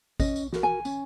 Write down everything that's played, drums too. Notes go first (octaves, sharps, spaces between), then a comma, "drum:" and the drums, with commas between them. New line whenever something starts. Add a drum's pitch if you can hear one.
C#4 D#5, drum: kick, tambourine
drum: tambourine
F#4 A#4, drum: snare
G#5
C#4, drum: tambourine